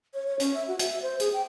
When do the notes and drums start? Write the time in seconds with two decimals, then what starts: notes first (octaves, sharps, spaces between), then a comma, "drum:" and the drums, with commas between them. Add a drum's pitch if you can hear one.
0.14 C#5
0.27 C#5
0.40 C#4, drum: hi-hat
0.54 E5
0.68 F#4
0.79 E5, drum: hi-hat
1.02 C5
1.20 G#4, drum: hi-hat
1.33 G5